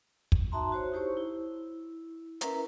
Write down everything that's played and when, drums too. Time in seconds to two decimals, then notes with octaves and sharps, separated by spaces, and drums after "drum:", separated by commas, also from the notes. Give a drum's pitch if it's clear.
0.32 drum: kick
0.52 D#4 F#4 E5 A5 A#5 C6
0.72 F#4 C5 C#5
0.92 D#4 E4 G4 C5 C#5 C#6
1.17 E4
2.41 C#4 E4 A#4 B4 E5 A#5, drum: hi-hat